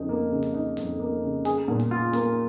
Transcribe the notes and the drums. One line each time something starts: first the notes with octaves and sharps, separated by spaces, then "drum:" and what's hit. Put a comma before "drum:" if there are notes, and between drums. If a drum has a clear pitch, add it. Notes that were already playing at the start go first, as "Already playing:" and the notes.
Already playing: F2 C#3 D#4
A#3
C#3
drum: open hi-hat
D#4
F2, drum: hi-hat
A#3
C#3
G#4, drum: hi-hat
A#2
drum: open hi-hat
F4
A#3, drum: hi-hat